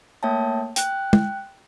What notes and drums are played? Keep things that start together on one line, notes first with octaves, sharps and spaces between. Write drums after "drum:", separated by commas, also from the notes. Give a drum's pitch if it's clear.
A3 A#3 C#5 E5 G5 A5
G5 F#6, drum: hi-hat
drum: tom